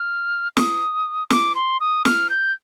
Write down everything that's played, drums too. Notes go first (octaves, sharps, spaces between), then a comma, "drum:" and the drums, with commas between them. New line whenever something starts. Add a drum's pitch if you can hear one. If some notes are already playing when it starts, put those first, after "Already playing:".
Already playing: F6
D#6, drum: snare
D6, drum: snare
C6
D#6
F6, drum: snare
G6